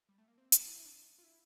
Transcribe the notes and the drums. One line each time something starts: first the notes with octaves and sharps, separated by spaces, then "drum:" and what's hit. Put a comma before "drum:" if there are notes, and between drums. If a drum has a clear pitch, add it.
G3
A3
A#3
C4
drum: hi-hat
E4
E4
D4
F4
E4